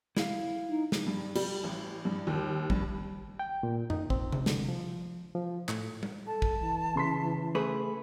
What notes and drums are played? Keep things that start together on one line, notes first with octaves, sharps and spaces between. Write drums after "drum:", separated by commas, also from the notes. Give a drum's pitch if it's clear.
E4 F5, drum: snare
D#4
drum: snare
G2
G3, drum: cymbal
A1
G2
D#2
G2, drum: kick
G5
A#2
D#4, drum: tom F2
C4, drum: kick
drum: tom C3
D3, drum: snare
F3
F3
A2, drum: clap
drum: tom G3
A4 A5
drum: kick
E3
C#3 C6 B6
A3 G#4 B4